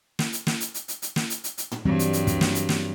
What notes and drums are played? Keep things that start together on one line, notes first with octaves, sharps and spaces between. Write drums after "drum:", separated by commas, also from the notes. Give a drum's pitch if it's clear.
drum: snare
drum: hi-hat
drum: snare
drum: hi-hat
drum: hi-hat
drum: hi-hat
drum: hi-hat
drum: snare
drum: hi-hat
drum: hi-hat
drum: hi-hat
drum: tom
G2 E3 F#3 G3 C4
drum: hi-hat
drum: hi-hat
drum: kick, hi-hat
drum: snare
drum: hi-hat
drum: snare